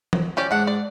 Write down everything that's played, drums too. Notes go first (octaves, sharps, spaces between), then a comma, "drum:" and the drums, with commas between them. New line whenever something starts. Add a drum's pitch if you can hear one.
drum: tom E3
C#4 G4 D5
G#2 D4 F#5
D5